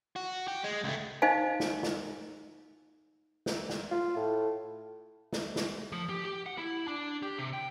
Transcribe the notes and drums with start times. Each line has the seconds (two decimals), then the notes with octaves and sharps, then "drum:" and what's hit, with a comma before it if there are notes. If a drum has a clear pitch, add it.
0.16 F#4
0.48 G4
0.64 G#3
0.84 C#2 A3
1.22 D#4 C5 D#5 F5 G#5
1.60 drum: snare
1.83 drum: snare
3.46 drum: snare
3.69 drum: snare
3.91 F4
4.16 A2
5.33 drum: snare
5.56 drum: snare
5.92 F3
6.09 G4
6.25 G4
6.46 F#5
6.58 E4
6.88 D4
7.23 G4
7.39 C3
7.53 G5